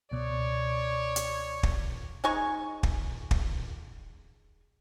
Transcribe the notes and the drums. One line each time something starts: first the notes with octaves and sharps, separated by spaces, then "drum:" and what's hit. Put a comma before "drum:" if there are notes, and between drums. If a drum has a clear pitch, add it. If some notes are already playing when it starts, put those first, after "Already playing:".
C#2 B2 C#5 D5
drum: hi-hat
drum: kick
G#3 D#4 G#5 C#6
drum: kick
drum: kick